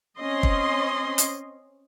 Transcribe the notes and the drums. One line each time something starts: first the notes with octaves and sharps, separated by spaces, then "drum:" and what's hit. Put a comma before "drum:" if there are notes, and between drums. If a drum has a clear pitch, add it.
C4 C#4 D#5 C6
drum: kick
drum: hi-hat